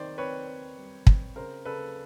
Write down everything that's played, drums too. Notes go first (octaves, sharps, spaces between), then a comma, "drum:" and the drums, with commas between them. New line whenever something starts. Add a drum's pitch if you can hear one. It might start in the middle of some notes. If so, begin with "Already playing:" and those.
Already playing: D#3 C4 C5 D5
C4 B4 C#5
C4
G3
C4, drum: kick
C#3 A#4 C5
C#3 A4 B4